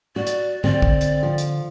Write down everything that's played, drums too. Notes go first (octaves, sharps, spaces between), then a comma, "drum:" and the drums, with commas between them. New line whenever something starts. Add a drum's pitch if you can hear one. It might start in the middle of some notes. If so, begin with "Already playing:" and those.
F#4 D5
drum: hi-hat
D3 C4 D5, drum: tom G#2
drum: kick
drum: hi-hat
F3
drum: hi-hat